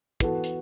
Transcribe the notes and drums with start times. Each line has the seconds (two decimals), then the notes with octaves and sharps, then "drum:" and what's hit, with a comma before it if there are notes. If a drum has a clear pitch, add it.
0.20 E3 B3 F#4 A4, drum: kick, hi-hat
0.44 drum: hi-hat